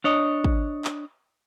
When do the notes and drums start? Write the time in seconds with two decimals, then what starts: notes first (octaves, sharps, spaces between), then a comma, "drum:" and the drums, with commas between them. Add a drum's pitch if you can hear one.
0.04 D4 C#5 D#5
0.44 drum: kick
0.85 drum: clap